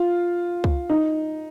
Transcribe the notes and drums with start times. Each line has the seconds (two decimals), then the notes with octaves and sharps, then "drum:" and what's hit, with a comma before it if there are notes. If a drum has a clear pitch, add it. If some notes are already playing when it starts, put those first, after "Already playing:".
Already playing: F4
0.64 drum: kick C#2
0.90 D#4